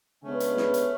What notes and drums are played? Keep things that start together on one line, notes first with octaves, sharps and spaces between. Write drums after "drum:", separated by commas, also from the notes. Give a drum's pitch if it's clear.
C#3 G#3 A3 B3 C#4 D4
drum: hi-hat
drum: snare
drum: hi-hat